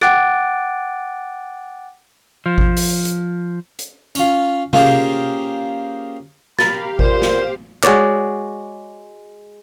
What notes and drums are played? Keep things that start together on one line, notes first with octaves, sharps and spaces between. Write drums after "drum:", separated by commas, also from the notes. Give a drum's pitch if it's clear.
F#5 G5 D6 F#6 A6 D7, drum: rim click
F3
drum: kick G#1
drum: open hi-hat
drum: hi-hat
drum: hi-hat
C#4 F4, drum: tambourine
A#3 C#4 F4 G4 G#4 C5, drum: tom C3
G4 A#4 F5 B5 A6, drum: snare
A#2 C5, drum: kick G#1
drum: snare
G#3 F#4 C#5 D5, drum: clap